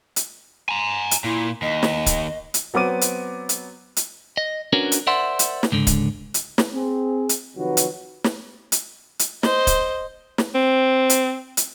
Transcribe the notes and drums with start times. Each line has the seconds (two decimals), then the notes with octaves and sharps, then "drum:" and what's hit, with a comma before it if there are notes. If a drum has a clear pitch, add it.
0.16 drum: hi-hat
0.69 G#5 A#5
1.11 drum: hi-hat
1.24 A#2 E4
1.62 D#2 D#5
1.83 drum: snare
2.06 drum: kick, hi-hat
2.54 drum: hi-hat
2.74 F#3 B3 C4 D6 D#7
3.01 drum: hi-hat
3.49 drum: hi-hat
3.97 drum: hi-hat
4.37 D#5
4.73 C#4 D4 F#4 A#4 B4 C#5
4.92 drum: hi-hat
5.07 A#4 C5 D5 E5 F#5 C6
5.39 drum: hi-hat
5.63 drum: snare
5.72 C#2 G#2 D3
5.87 drum: kick, hi-hat
6.34 drum: hi-hat
6.58 drum: snare
6.74 C4 G#4
7.29 drum: hi-hat
7.57 F2 C3 D#3 F#3 F#4 B4
7.77 drum: hi-hat
8.24 drum: snare
8.72 drum: hi-hat
9.19 drum: hi-hat
9.43 C5 D#5, drum: snare
9.67 drum: kick, hi-hat
10.38 drum: snare
10.55 C4
11.10 drum: hi-hat
11.57 drum: hi-hat